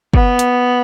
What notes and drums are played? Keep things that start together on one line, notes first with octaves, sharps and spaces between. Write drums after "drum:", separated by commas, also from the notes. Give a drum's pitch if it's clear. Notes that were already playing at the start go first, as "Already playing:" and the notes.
B3, drum: kick
drum: hi-hat